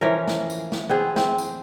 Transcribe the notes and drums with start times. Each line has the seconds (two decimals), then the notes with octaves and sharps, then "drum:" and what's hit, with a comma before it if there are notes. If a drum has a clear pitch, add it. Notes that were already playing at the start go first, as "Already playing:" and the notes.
0.01 E3 F3 C#4 A#4
0.28 drum: snare
0.50 drum: tambourine
0.72 drum: snare
0.89 B3 C4 G#4
1.16 C4, drum: snare
1.38 drum: tambourine